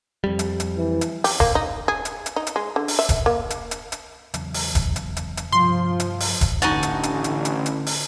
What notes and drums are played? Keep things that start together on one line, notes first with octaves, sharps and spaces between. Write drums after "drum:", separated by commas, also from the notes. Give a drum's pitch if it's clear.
F2 G3
drum: hi-hat
drum: hi-hat
E3
drum: hi-hat
G4, drum: open hi-hat
A#3, drum: kick E1
D#4
G#4
drum: hi-hat
drum: hi-hat
D#4
drum: hi-hat
G#3
D3
drum: open hi-hat
E5
drum: kick E1, hi-hat
A#3
drum: hi-hat
drum: hi-hat
drum: hi-hat
E2 C#3 F#3, drum: hi-hat
drum: open hi-hat
drum: kick E1, hi-hat
drum: hi-hat
drum: hi-hat
drum: hi-hat
G2 C3 F3 C6
drum: hi-hat
drum: open hi-hat
drum: kick E1, hi-hat
A1 D3 D#4 F#4 G#5 A5, drum: hi-hat
drum: hi-hat
drum: hi-hat
drum: hi-hat
drum: hi-hat
drum: hi-hat
drum: open hi-hat